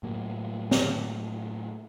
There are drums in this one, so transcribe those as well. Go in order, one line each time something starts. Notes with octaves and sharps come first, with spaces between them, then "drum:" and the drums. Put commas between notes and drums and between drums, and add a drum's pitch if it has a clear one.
A2 F#3 A#3
drum: snare